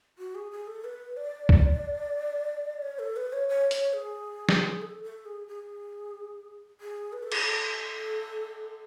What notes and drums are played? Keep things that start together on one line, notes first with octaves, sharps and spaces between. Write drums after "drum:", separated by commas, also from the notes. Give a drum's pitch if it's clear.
F#4
G#4
G#4
A4
B4
D5
drum: kick
C#5
A4
B4
C#5
C#5
C#5, drum: hi-hat
G#4
drum: snare
A4
A4
G#4
G#4
G#4
B4
A4
G#4, drum: cymbal
A4